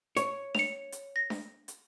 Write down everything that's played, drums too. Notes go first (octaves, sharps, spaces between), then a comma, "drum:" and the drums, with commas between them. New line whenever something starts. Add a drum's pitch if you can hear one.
C#5, drum: hi-hat
C#7 F7, drum: snare D4
drum: hi-hat
A#6
drum: snare D4
drum: hi-hat